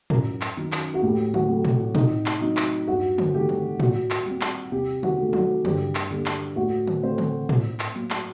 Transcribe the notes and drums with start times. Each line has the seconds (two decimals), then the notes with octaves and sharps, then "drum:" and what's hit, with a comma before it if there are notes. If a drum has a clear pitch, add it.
0.10 F#2 A#4, drum: tom
0.41 drum: clap
0.57 D#3 F#3
0.72 drum: clap
0.94 F#4
1.03 A2 G4
1.34 F#4, drum: tom
1.49 F#3 A3 C4
1.65 drum: tom
1.95 C3 D#4, drum: tom
2.26 drum: clap
2.41 F#3 C4 D#4
2.57 drum: clap
2.88 G2 F#4
3.18 drum: tom
3.34 D#3 A3 C4 G4
3.49 drum: tom
3.80 A#2 F#4, drum: tom
4.11 drum: clap
4.26 G3 C4
4.41 drum: clap
4.72 C3 G4
5.03 F#4, drum: tom
5.18 D#3 A3
5.33 F#4, drum: tom
5.65 G2 G4, drum: tom
5.95 drum: clap
6.10 D3 G3 A#3 G4
6.26 drum: clap
6.56 A2 F#4
6.87 drum: tom
7.03 A3 C4 C5
7.18 drum: tom
7.49 A#2, drum: tom
7.80 drum: clap
7.95 F#3 A#3
8.10 drum: clap